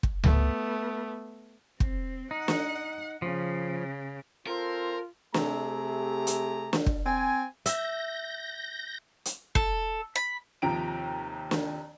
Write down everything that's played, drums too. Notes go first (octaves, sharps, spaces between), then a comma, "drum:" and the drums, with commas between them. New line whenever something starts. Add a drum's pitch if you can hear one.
drum: kick
A3 B3, drum: tom C#2
C4, drum: kick
D#4 F#5
drum: snare
C#3 F3
C4 F4 A4 A#4 C5
C3 A3 G4 G#4 A#5, drum: snare
drum: hi-hat
drum: snare
drum: kick
C4 G#5
E5 G6 A#6, drum: hi-hat
drum: hi-hat
A4, drum: kick
B5
D#2 C3 F3 G4 A#5 D7
drum: snare